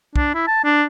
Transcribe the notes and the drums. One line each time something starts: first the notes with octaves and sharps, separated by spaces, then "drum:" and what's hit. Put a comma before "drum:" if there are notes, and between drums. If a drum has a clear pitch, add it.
D4, drum: kick
E4
A5
D4